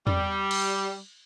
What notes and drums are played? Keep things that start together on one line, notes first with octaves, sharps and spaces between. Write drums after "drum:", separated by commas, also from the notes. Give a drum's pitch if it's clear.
G3, drum: tom E2
drum: cymbal